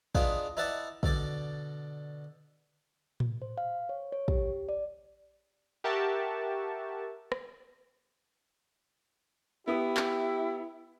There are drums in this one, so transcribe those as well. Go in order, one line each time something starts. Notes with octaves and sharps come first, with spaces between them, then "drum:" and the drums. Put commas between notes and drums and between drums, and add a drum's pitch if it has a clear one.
B3 D4 D#4 F4 G#4 B4, drum: kick
D#4 E4 B4 D5 F#5 A5
B2 D3 D5, drum: kick
drum: tom A2
C5
F5
C#5
C#5
G4, drum: kick
D5
G4 A#4 E5 F#5 A5 C#6
drum: rim click
B3 E4 G4 D#6
drum: clap